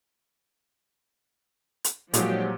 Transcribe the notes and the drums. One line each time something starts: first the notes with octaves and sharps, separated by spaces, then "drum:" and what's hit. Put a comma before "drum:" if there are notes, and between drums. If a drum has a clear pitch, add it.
drum: hi-hat
A#2 F3 F#3 G#3 D#4 G4, drum: hi-hat